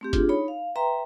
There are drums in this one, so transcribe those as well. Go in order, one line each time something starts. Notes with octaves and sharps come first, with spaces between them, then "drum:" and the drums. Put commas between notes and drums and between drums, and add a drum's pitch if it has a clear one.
A3 C4 G4
D4 F4 G#4, drum: kick G1, hi-hat
D#4 C#5 B5
F5
B4 E5 G5 A#5 C6